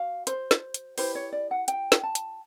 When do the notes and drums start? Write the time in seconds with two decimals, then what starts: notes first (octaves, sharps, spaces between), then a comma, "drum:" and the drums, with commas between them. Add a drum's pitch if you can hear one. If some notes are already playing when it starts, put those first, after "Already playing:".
Already playing: F#4 F5
0.27 C5, drum: hi-hat
0.51 drum: snare
0.74 drum: hi-hat
0.98 E4 G4 B4 C5, drum: open hi-hat
1.15 C#5
1.33 D5
1.51 F#5
1.68 G5, drum: hi-hat
1.92 drum: snare
2.03 A5
2.15 drum: hi-hat